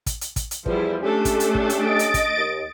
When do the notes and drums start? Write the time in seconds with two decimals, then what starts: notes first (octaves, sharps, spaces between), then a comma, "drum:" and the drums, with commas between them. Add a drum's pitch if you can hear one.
0.06 drum: kick, hi-hat
0.21 drum: hi-hat
0.36 drum: kick, hi-hat
0.51 drum: hi-hat
0.66 E2 F3 G3 E4, drum: kick
1.02 A3 C#4 D4 G4 A4
1.25 drum: kick, hi-hat
1.40 drum: hi-hat
1.55 drum: kick
1.70 drum: hi-hat
1.79 D#5 A6 D7
1.99 drum: hi-hat
2.14 drum: kick, hi-hat
2.37 D#2